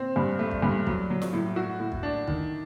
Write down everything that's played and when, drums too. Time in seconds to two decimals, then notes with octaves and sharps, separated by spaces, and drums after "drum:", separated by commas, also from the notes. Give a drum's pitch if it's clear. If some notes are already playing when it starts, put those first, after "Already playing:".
Already playing: C4
0.16 G2
0.39 A3
0.51 drum: kick
0.62 G2
0.87 F#3, drum: kick
1.10 F#3
1.22 drum: snare
1.33 A2
1.56 F#4
1.80 A2
1.92 drum: kick
2.03 D4
2.28 D#3, drum: kick